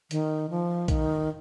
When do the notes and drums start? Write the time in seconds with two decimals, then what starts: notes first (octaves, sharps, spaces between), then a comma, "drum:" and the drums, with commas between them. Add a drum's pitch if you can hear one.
0.11 D#3, drum: hi-hat
0.50 F3
0.88 D#3, drum: kick A#1, hi-hat